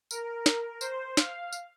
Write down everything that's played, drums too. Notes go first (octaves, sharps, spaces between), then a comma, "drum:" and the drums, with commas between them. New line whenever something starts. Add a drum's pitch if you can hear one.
A#4, drum: tambourine
drum: snare
C5, drum: tambourine
F5, drum: snare
drum: tambourine